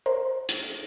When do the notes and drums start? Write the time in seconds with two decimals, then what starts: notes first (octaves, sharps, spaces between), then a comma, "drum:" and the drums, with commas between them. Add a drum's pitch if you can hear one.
0.06 A#4 C5
0.49 drum: hi-hat